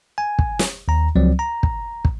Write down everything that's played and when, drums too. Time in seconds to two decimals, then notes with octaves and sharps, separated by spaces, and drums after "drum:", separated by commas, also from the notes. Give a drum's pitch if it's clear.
0.18 G#5
0.39 drum: kick
0.59 drum: snare
0.88 D#2 A#5
1.15 C#2 F3 F#3 C4 D5
1.39 A#5
1.63 drum: kick
2.05 drum: kick